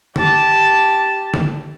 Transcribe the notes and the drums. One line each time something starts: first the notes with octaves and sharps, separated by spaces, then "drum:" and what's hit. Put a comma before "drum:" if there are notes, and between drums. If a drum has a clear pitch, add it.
G4 A5, drum: tom
drum: tom